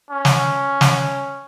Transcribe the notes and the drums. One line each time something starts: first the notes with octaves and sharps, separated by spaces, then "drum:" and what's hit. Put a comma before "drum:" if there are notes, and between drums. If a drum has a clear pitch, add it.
C#4
drum: snare
drum: snare